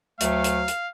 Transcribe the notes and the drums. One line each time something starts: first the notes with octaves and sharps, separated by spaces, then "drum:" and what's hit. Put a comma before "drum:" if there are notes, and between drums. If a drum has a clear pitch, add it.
D2 F#3 A3 F5, drum: hi-hat
drum: hi-hat
drum: hi-hat